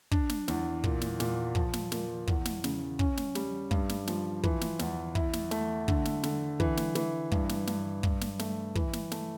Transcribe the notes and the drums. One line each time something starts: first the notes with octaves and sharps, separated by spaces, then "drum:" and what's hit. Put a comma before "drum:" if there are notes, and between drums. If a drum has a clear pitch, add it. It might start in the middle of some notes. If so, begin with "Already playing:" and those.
D4, drum: kick
drum: snare
E2, drum: snare
A#2, drum: kick
drum: snare
A#2, drum: snare
F3, drum: kick
drum: snare
A#2, drum: snare
E2, drum: kick
drum: snare
C#3, drum: snare
C#4, drum: kick
drum: snare
G3, drum: snare
G2, drum: kick
drum: snare
F3, drum: snare
E3, drum: kick
drum: snare
E2, drum: snare
E4, drum: kick
drum: snare
A3, drum: snare
D3, drum: kick
drum: snare
D3, drum: snare
E3, drum: kick
drum: snare
E3, drum: snare
G2, drum: kick
drum: snare
G2, drum: snare
G2, drum: kick
drum: snare
A3, drum: snare
E3, drum: kick
drum: snare
A3, drum: snare